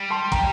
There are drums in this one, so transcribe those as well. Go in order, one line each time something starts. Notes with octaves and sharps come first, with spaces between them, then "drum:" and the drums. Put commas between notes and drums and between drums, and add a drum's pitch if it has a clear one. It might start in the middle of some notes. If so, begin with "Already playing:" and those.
Already playing: G3
A5 C6
G5 A#5, drum: kick